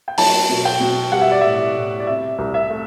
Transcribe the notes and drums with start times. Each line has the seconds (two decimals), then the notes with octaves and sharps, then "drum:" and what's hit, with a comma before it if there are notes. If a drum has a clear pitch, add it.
0.08 G5
0.18 F#3 A5, drum: open hi-hat
0.49 B2
0.65 G5
0.80 B2
1.12 G3 F#5
1.21 E5
1.31 D5
1.41 A2 E5
1.76 A2
2.00 D5
2.07 C3 E5
2.38 C2
2.54 E5
2.70 A3